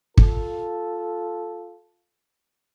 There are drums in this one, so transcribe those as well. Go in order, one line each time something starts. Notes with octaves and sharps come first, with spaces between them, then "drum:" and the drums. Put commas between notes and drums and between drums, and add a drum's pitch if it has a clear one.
F4 A4, drum: kick